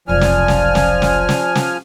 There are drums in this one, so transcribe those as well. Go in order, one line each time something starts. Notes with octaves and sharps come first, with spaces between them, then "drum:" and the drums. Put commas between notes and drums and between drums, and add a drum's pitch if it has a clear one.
F1 B1 F3 D5 G#5 F6
drum: snare
drum: snare
drum: snare
drum: snare
drum: snare
drum: snare